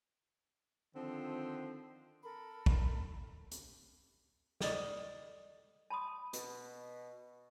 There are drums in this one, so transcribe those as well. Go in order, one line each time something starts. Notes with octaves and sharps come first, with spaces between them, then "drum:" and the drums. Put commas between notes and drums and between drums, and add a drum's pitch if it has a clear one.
D3 D#3 F3 C4
A4 A#4 B5
drum: kick
drum: hi-hat
A4 D5 D#5 D#6, drum: snare
A5 B5 C6 D#6
B2, drum: hi-hat